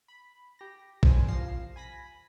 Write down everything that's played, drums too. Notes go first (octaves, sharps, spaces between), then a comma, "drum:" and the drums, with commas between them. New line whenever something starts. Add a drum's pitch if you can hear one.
B5
G4 A#6
A#1 B2 G3 C5 G#5, drum: kick
C2 F3 F5 A#6 C7 E7
G#5 B5 A#6 B6